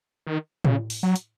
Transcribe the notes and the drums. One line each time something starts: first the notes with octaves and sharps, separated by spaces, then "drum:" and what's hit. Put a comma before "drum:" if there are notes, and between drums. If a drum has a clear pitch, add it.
D#3
C#3, drum: tom A2
drum: open hi-hat
F#3
drum: hi-hat